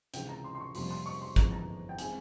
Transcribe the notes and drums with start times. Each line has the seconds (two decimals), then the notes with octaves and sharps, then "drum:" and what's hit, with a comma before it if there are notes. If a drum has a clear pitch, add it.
0.14 C#2 C3 E3 G5, drum: hi-hat
0.29 A#5
0.44 C6
0.55 C6
0.60 C#6
0.75 F2 C3 G3 A#3 C6, drum: open hi-hat
0.91 C6
1.06 C#6
1.21 C6
1.36 G1 F2 E3 G#3 A#5, drum: kick, hi-hat
1.52 A#5
1.89 G5
1.99 E3 G#3 C4 G#5, drum: hi-hat